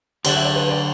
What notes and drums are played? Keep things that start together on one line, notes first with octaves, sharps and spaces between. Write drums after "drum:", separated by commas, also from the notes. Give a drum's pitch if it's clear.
D2 D3 F#3 D4 F#4 D5, drum: cymbal
E5
D5
B4
B4
D5